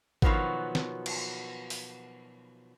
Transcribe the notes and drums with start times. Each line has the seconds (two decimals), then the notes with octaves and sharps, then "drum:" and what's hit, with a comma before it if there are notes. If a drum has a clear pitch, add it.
0.22 B2 D#3 F3 F#3 B3, drum: kick
0.75 drum: snare
1.06 drum: cymbal
1.70 drum: open hi-hat